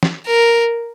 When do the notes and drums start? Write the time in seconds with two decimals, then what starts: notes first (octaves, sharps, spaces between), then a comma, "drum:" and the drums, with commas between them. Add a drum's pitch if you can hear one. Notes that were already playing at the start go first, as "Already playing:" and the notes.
0.03 drum: snare
0.26 A#4